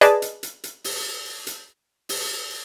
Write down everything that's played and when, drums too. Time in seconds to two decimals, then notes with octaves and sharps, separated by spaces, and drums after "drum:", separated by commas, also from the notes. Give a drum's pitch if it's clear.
0.01 G#4 B4 D5 D#5 A5, drum: hi-hat
0.22 drum: hi-hat
0.43 drum: hi-hat
0.64 drum: hi-hat
0.84 drum: open hi-hat
1.47 drum: hi-hat
2.09 drum: open hi-hat